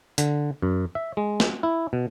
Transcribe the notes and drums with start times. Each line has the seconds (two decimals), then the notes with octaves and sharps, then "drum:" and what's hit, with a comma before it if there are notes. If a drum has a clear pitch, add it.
0.18 D3, drum: hi-hat
0.62 F#2
0.95 E5
1.17 G#3
1.40 drum: snare
1.63 E4
1.93 B2